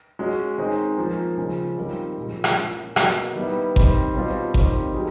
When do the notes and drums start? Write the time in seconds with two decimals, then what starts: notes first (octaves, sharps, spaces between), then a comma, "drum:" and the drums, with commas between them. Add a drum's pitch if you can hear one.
0.19 G#3 C#4 F#4
0.58 D#3 G#3 C4 D#4 G#4
0.98 F3 A#3 C#4
1.38 C#3 F3 G#3 C#4
1.77 D#3 G3 C4 F4 A#4
2.17 A#2 F3 G#3
2.44 drum: rim click
2.57 A#3 C#4 E4
2.96 B2 F#3 A#3, drum: rim click
3.35 D#3 G3 B3 E4
3.76 D#3 G3 C4, drum: kick G#1
4.15 B2 G3 C4 F4
4.54 D#3 G3 C4, drum: kick G#1
4.94 F#3 A#3 D#4 G#4